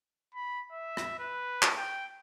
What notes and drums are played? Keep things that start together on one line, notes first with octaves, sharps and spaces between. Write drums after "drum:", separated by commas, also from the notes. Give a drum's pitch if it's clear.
B5
E5
drum: rim click
B4
drum: clap
G5